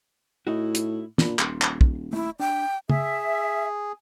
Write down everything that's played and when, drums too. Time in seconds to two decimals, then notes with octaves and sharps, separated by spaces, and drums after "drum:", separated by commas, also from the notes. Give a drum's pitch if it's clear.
0.47 A2 D#4 E4 F#4
0.75 drum: hi-hat
1.18 A#2 D4 B5, drum: snare
1.39 D#1 C6, drum: clap
1.62 drum: clap
1.81 drum: kick
2.13 A3 E4
2.40 D4 G5
2.90 G#4 E5, drum: tom